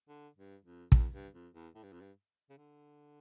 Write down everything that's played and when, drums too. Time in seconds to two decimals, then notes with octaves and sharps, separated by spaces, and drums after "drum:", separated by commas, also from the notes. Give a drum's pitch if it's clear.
0.09 D3
0.37 G2
0.65 F2
0.92 E2, drum: kick
1.13 G2
1.34 F2
1.54 E2
1.75 A2
1.83 G2
1.93 F2
2.02 G2
2.50 C#3
2.57 D3